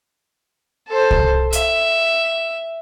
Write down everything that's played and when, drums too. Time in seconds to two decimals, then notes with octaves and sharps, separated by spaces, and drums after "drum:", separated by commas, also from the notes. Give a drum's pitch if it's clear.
0.88 A4 C5
1.11 drum: kick C2
1.53 E5, drum: hi-hat